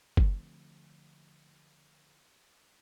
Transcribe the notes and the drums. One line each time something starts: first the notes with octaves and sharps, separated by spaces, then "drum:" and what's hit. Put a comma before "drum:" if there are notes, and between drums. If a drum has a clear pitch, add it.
D3 F3 A3 C4, drum: kick F#1